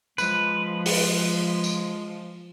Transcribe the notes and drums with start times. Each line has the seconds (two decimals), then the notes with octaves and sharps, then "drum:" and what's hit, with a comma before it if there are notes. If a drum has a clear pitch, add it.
0.18 F3 G#3 B4, drum: tambourine
0.86 drum: open hi-hat
1.64 drum: tambourine